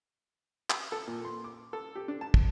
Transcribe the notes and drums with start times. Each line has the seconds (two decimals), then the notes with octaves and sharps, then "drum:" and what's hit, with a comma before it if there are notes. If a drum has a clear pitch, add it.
0.70 drum: clap
0.92 A4
1.07 A#2
1.25 C6
1.44 D6
1.73 A4
1.95 G4
2.08 D4
2.21 A5
2.34 drum: kick